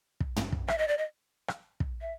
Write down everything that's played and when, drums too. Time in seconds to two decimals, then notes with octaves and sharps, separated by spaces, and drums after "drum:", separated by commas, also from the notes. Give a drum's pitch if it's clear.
0.20 drum: kick
0.36 drum: tom
0.52 drum: kick
0.68 E5, drum: rim click
0.78 D#5
0.88 D5
0.98 D#5
1.48 drum: rim click
1.80 drum: kick
2.01 E5